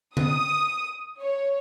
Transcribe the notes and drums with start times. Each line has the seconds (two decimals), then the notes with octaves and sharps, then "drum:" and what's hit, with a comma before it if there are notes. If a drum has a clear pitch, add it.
0.17 D#6, drum: tom D3
1.21 C#5